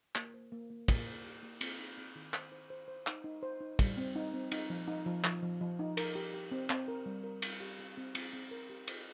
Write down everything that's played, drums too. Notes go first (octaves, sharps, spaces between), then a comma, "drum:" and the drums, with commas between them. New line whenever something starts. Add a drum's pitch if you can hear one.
A#3, drum: clap
C5
A#3
A#3
A#3, drum: kick, cymbal
C5
G4
A#3
C4, drum: cymbal
D#4
C4
D#3
C5, drum: clap
C5
C5
C5
D#4, drum: clap
D#4
C5
D#4
G3, drum: kick, cymbal
C4
D#4
C4
D#4, drum: cymbal
F3
D#4
F3
F3, drum: clap
F3
F3
D#4
A#4, drum: cymbal
G4
G4
C4
C4, drum: clap
A#4
G3
A#4
A#4, drum: cymbal
G4
C4
C4
C4, drum: cymbal
C4
A#4
G4
C5, drum: cymbal